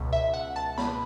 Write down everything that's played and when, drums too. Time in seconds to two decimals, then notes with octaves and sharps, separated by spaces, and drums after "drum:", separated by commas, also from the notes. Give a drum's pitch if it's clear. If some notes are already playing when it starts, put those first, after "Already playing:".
Already playing: C#2 B2
0.13 E5
0.34 F#5
0.56 A5
0.78 B5, drum: snare